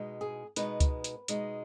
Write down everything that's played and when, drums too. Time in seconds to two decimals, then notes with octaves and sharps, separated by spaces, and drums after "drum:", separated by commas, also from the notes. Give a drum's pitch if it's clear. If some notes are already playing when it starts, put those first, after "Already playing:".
Already playing: B2 G#3 D#4
0.21 G#4
0.56 B2 G#3 D#4 B4, drum: hi-hat
0.80 drum: kick C#2, hi-hat
1.04 drum: hi-hat
1.28 B2 G#3 D#4, drum: hi-hat